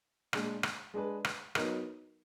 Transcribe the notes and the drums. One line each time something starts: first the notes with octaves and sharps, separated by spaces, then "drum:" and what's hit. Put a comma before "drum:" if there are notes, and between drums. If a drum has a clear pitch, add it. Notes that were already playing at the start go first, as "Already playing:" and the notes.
A#2 G#3 D4, drum: rim click
drum: rim click
G#3 D4 G#4 B4
drum: rim click
F#3 B3 D#4 A#4, drum: rim click